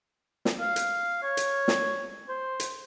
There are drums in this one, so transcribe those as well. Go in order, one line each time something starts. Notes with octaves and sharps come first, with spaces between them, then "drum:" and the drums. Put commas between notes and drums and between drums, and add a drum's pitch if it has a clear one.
drum: snare
F5
drum: hi-hat
C#5
drum: hi-hat
drum: snare
C5
drum: hi-hat